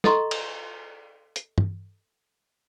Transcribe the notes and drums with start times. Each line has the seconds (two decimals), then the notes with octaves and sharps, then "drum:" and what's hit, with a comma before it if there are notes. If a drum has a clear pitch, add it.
0.04 A4 D#5 A#5 C6 C#6, drum: snare
0.31 drum: cymbal
1.36 drum: hi-hat
1.58 drum: tom